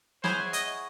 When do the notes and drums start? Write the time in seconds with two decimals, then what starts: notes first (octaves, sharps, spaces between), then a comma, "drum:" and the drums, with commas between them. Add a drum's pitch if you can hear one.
0.24 E4 G#4 C5 C#5 F#5, drum: snare
0.53 D#5, drum: hi-hat